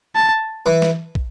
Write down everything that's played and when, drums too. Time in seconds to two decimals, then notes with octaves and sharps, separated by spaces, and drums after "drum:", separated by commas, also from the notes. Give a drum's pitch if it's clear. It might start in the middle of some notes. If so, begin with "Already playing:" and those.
0.15 A5
0.66 E3
0.82 drum: snare
1.15 drum: kick